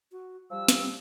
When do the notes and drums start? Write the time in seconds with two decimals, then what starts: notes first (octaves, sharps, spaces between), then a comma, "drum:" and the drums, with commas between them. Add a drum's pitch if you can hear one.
0.12 F#4
0.51 F3 G3 E6
0.68 drum: snare